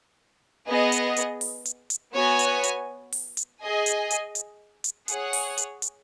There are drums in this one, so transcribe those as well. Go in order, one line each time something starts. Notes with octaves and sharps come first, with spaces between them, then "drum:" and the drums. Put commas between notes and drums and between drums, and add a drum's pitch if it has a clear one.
B3 G#4 D#5
drum: hi-hat
drum: hi-hat
drum: open hi-hat
drum: hi-hat
drum: hi-hat
B3 F#4 C#5 G#5
drum: hi-hat
drum: hi-hat
drum: open hi-hat
drum: hi-hat
G#4 D#5 G#5
drum: hi-hat
drum: hi-hat
drum: hi-hat
drum: hi-hat
G#4 C#5 F#5, drum: hi-hat
drum: open hi-hat
drum: hi-hat
drum: hi-hat